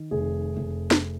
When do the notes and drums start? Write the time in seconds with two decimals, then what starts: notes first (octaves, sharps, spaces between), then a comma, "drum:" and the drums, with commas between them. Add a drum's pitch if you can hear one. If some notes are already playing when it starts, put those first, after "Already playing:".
Already playing: D#3
0.11 F1 G#4
0.57 F1
0.91 drum: snare